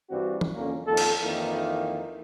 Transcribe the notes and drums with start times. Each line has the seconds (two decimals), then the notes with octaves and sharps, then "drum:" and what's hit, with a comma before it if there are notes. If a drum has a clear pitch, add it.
0.10 G2 E3 C4 D4 F#4
0.41 drum: tom E3
0.55 F2 D3 A#3 C#4
0.87 F2 D#3 A#3 A4
0.97 drum: cymbal
1.22 F2 D#3 E3 A#3